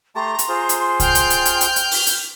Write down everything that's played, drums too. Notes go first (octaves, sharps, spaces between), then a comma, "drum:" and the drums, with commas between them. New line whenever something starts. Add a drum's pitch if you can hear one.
A3 G4 A5 A#5 C6
drum: hi-hat
F4 G#4 C5
drum: hi-hat
G5 F6 G6, drum: kick C2, hi-hat
drum: hi-hat
drum: hi-hat
drum: hi-hat
drum: hi-hat
drum: hi-hat
drum: open hi-hat
drum: hi-hat